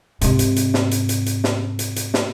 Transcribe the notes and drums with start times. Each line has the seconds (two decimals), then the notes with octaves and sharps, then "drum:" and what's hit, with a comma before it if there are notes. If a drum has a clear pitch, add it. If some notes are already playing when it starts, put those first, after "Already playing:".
0.21 G#2 C3, drum: hi-hat
0.39 drum: hi-hat
0.56 drum: hi-hat
0.74 drum: snare
0.91 drum: hi-hat
1.09 drum: hi-hat
1.26 drum: hi-hat
1.44 drum: snare
1.79 drum: hi-hat
1.96 drum: hi-hat
2.14 drum: snare